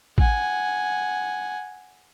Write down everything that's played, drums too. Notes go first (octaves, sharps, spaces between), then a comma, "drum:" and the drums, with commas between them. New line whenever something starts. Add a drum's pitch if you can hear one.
F#5 G#5, drum: kick A1